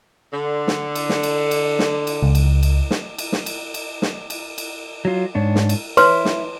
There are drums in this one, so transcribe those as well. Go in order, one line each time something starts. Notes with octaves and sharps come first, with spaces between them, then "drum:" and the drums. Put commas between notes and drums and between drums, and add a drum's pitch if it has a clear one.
D3
drum: snare
drum: cymbal
drum: snare
drum: cymbal
drum: cymbal
drum: snare
drum: cymbal
C#2
drum: cymbal
drum: cymbal
drum: snare
drum: cymbal
drum: snare
drum: cymbal
drum: cymbal
drum: snare
drum: cymbal
drum: cymbal
F#3 F4
G#2 D4 C#5
drum: snare
drum: cymbal
E4 B4 C#5 C6, drum: cymbal
drum: snare